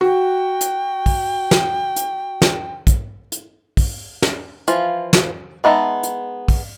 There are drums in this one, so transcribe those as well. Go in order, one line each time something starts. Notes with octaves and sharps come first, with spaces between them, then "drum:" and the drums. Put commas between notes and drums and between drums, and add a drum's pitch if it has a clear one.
F#4 G5
drum: hi-hat
drum: kick, open hi-hat
drum: snare
drum: hi-hat
drum: snare
drum: kick, hi-hat
drum: hi-hat
drum: kick, open hi-hat
drum: snare
E3 F3 F4, drum: hi-hat
drum: snare
G#3 B3 D#4 E5 A5
drum: hi-hat
drum: kick, open hi-hat